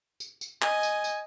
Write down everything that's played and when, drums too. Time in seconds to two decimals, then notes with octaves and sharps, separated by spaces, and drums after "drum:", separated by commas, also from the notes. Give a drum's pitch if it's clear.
0.20 drum: tambourine
0.41 drum: tambourine
0.62 D#5 G#5, drum: clap
0.83 drum: tambourine
1.04 drum: tambourine